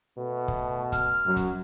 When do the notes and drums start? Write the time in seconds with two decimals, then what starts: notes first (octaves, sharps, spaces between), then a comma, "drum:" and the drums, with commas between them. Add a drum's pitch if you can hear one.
0.18 B2 A3
0.48 drum: kick
0.92 F6, drum: kick, hi-hat
1.26 F#2 F#3
1.36 drum: kick, hi-hat